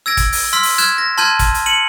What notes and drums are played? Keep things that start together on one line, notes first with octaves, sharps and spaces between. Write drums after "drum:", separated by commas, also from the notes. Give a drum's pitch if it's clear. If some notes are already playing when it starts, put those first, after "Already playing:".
E6 G#6 A#6 D7
drum: kick, hi-hat
drum: open hi-hat
C6 E6 F6 B6
drum: open hi-hat
F6 F#6 G#6 E7, drum: hi-hat
A#6
A5 C6 F6 G6 G#6 D#7
drum: kick, hi-hat
drum: hi-hat
C#7 D#7 F#7